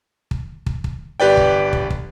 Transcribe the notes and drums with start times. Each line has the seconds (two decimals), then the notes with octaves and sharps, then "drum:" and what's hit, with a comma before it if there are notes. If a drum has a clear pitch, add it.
0.31 drum: kick
0.66 drum: kick
0.84 drum: kick
1.20 G1 G4 B4 D5 G5
1.37 drum: kick
1.73 drum: kick
1.90 drum: kick